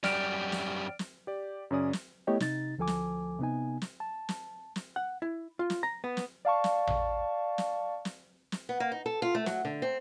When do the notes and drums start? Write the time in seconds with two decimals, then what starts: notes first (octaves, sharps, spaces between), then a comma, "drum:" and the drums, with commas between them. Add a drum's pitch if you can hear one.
0.04 F#2 G3 D5 F6 D7, drum: snare
0.52 drum: snare
0.99 drum: snare
1.27 G4 D5
1.71 F#2 C#3 C#4 D5 D#6
1.93 drum: snare
2.27 A3 B3 E4 G4 C#5 D#5
2.40 C3 D#4 A6, drum: snare
2.78 D2 F3 A4 G#5 D6
2.87 drum: snare
3.39 C3 B3 D#4 G#5
3.82 drum: snare
4.00 A5
4.29 drum: snare
4.76 drum: snare
4.96 F#5
5.22 E4
5.59 F4
5.70 drum: snare
5.83 A#5
6.04 B3
6.17 drum: snare
6.45 D5 F5 A5 C#6
6.64 drum: snare
6.87 drum: tom A1
7.58 drum: snare
8.05 drum: snare
8.52 drum: snare
8.69 B3
8.80 A#3
8.92 D#4
9.06 A4
9.22 F4
9.35 A3
9.46 F#3, drum: snare
9.65 D3
9.82 C4